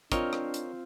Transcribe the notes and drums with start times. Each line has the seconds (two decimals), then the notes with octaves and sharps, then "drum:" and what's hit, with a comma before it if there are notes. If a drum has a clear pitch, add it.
0.12 C4 D4 F4 A#4 C#5 D#5, drum: kick, hi-hat
0.33 drum: rim click
0.54 drum: hi-hat